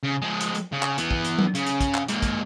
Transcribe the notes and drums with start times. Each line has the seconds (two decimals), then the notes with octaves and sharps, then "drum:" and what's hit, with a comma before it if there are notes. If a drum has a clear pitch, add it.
0.03 C#3
0.22 F3 G#3
0.41 drum: hi-hat
0.55 drum: hi-hat
0.72 C#3
0.83 drum: clap
0.98 E3 B3, drum: hi-hat
1.11 drum: kick
1.25 drum: hi-hat
1.39 drum: tom F#3
1.55 C#3, drum: hi-hat
1.67 drum: hi-hat
1.80 drum: kick, hi-hat
1.94 drum: clap
2.08 G#2 A#3, drum: hi-hat
2.22 drum: kick, hi-hat